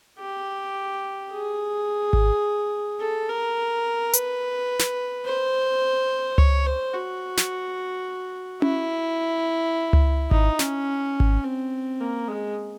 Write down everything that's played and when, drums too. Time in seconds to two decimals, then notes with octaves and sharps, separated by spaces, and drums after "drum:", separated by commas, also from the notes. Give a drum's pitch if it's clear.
0.19 G4
1.32 G#4
2.13 drum: kick G#1
3.00 A4
3.29 A#4
4.13 B4, drum: hi-hat
4.80 drum: snare
5.25 C5
6.38 C#5, drum: tom C#2
6.66 C5
6.94 F#4
7.38 drum: snare
8.62 E4, drum: tom C#4
9.93 drum: tom C#2
10.31 D#4, drum: kick G#1
10.59 C#4, drum: snare
11.20 drum: kick G#1
11.44 C4
12.01 A#3
12.28 G#3